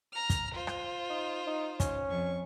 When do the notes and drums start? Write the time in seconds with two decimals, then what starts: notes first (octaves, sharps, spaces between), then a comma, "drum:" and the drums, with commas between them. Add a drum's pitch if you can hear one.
0.14 A#5 F6
0.30 drum: kick, hi-hat
0.53 F4 C5
0.67 drum: rim click
1.10 D#4
1.47 D#4
1.80 C#4, drum: kick, hi-hat
2.09 F2 C#6